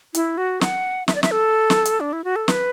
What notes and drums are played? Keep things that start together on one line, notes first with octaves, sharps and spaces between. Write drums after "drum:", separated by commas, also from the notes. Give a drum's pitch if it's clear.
E4, drum: hi-hat
F#4
F#5, drum: snare
E5, drum: snare
D5
E5, drum: snare
A4
drum: snare
drum: hi-hat
D4
E4
F#4
A4
B4, drum: snare